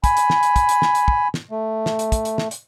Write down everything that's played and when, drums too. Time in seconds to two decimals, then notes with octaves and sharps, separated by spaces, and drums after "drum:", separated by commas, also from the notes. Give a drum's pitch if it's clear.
0.04 G#5 B5, drum: kick, hi-hat
0.17 drum: hi-hat
0.30 drum: snare
0.43 drum: hi-hat
0.56 drum: kick, hi-hat
0.69 drum: hi-hat
0.82 drum: snare
0.95 drum: hi-hat
1.08 drum: kick
1.34 drum: snare
1.51 A3
1.86 drum: snare
1.99 drum: hi-hat
2.12 drum: kick, hi-hat
2.25 drum: hi-hat
2.38 drum: snare
2.51 drum: hi-hat